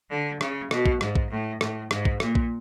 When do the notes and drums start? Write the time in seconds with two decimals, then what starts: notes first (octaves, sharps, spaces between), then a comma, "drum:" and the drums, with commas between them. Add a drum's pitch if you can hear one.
0.10 D3
0.41 C#3, drum: rim click
0.71 B2, drum: rim click
0.86 drum: kick A#1
1.01 G#2, drum: rim click
1.16 drum: kick A#1
1.30 A2
1.61 A2, drum: rim click
1.91 G#2, drum: rim click
2.05 drum: kick A#1
2.20 A#2, drum: rim click
2.35 drum: kick A#1